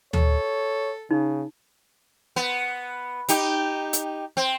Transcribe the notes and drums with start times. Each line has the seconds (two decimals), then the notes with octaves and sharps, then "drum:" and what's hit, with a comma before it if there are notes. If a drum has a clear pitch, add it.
0.13 A4 C#5, drum: tom D2
1.11 C#3 D#4
2.36 B3
3.29 D#4 G4, drum: hi-hat
3.93 drum: hi-hat
4.37 C4